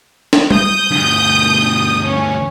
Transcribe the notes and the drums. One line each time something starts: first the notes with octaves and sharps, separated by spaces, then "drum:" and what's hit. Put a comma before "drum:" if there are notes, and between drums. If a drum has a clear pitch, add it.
drum: snare
D#6 G6, drum: tom G3
D2 G2
C#4